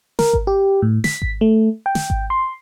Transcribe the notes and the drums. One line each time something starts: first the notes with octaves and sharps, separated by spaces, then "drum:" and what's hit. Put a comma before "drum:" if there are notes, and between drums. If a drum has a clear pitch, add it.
A#4, drum: snare
drum: kick G#1
G4
A2
B6, drum: snare
drum: kick G#1
A3
G5
drum: snare
drum: kick G#1
C6